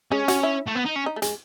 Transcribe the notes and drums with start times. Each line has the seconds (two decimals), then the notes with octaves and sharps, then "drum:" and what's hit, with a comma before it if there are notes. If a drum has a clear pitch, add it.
0.12 G#3 C#4
0.28 F#4, drum: hi-hat
0.43 E4
0.67 A3
0.75 B3
0.85 D#4
0.96 C#4
1.06 D#4
1.16 A3
1.22 G#3, drum: hi-hat